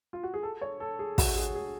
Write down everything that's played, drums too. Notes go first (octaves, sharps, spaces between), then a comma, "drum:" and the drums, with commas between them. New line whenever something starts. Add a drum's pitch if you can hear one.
F4
F#4
G#4
A4
C#5
A4
G#4
F#4, drum: kick, open hi-hat
G#4
G#4